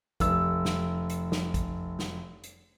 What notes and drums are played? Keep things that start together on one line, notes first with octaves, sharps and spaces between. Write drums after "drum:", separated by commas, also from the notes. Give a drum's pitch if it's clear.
F1 E6, drum: kick A1, hi-hat
drum: snare
drum: hi-hat
drum: snare
drum: kick A1, hi-hat
drum: snare
drum: hi-hat